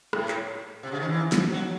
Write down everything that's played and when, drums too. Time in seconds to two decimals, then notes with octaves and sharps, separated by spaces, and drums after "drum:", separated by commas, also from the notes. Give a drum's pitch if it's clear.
0.13 A2, drum: rim click
0.28 drum: clap
0.83 C3
0.92 C#3
1.00 D#3
1.09 E3
1.32 drum: snare
1.52 F#3